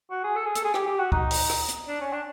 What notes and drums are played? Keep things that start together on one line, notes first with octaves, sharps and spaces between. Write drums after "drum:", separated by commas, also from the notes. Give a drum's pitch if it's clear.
F#4
G#4
A4
G#4
A4, drum: hi-hat
G#4
G4, drum: rim click
G4
F#4
D#4, drum: kick
drum: open hi-hat
drum: rim click
drum: hi-hat
D4
C#4
D4